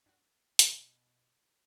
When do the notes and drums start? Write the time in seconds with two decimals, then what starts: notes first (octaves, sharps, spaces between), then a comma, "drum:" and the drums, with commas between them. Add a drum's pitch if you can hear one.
0.06 G2 F#4
0.59 B2 E5, drum: hi-hat